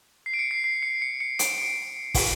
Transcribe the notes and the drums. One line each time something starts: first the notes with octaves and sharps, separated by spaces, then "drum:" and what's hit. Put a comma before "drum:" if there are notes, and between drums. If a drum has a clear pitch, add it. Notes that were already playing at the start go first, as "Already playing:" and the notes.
C7
D7
C#7
C7
C7
C#7
C#7
C#7
D7, drum: hi-hat
D7
drum: kick, open hi-hat